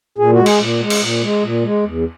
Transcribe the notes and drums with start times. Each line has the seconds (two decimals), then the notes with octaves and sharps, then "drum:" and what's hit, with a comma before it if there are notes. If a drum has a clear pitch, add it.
0.18 A#2 G#4
0.33 F#4
0.39 G#3
0.46 G#4, drum: cymbal
0.60 A#2
0.80 G#3
0.90 drum: cymbal
1.01 A#2
1.22 G#3
1.43 A#2
1.63 G#3
1.84 E2